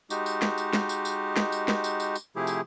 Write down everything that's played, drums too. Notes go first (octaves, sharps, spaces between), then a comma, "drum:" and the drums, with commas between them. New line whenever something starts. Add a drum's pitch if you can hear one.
G#3 D#4 F#4 G4, drum: tambourine
drum: tambourine
drum: snare
drum: tambourine
drum: snare
drum: tambourine
drum: tambourine
drum: snare
drum: tambourine
drum: snare
drum: tambourine
drum: tambourine
drum: tambourine
C3 F3 A3 E4 G4 G#4
drum: tambourine